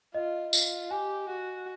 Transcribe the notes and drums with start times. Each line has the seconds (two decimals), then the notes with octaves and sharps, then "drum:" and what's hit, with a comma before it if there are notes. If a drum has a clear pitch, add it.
0.14 F4 D#5
0.53 F4, drum: tambourine
0.91 G4 G#5
1.29 F#4